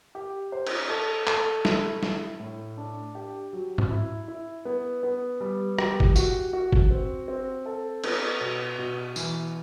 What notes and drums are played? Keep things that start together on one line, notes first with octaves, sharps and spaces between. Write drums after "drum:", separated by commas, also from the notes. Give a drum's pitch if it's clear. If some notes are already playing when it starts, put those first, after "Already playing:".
G4
C5
drum: cymbal
A4
A4, drum: clap
E4, drum: snare
E4, drum: snare
A2
D4
G4
F#3
drum: tom G#2
E4
E4
B3
B3
G3
G4, drum: rim click
drum: kick G1
F#4, drum: tambourine
F#4
drum: kick G1
C4
C4
A4
B3, drum: cymbal
B2
B2
E3, drum: tambourine